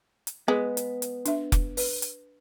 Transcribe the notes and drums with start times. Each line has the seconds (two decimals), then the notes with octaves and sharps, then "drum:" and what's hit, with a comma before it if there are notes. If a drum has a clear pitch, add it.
0.27 drum: hi-hat
0.48 G#3 B3
0.77 drum: hi-hat
1.02 drum: hi-hat
1.25 D4 E5, drum: hi-hat
1.52 drum: kick F1, hi-hat
1.77 B4, drum: open hi-hat
2.02 drum: hi-hat